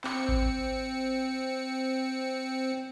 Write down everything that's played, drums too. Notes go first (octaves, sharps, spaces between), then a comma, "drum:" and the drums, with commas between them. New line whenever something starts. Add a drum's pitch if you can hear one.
C4 C#7, drum: clap
drum: kick G#1